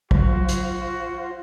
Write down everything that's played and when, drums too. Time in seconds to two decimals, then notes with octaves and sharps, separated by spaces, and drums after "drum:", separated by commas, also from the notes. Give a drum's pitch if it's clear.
0.11 F#3 F4 F#4 C5, drum: kick
0.49 drum: hi-hat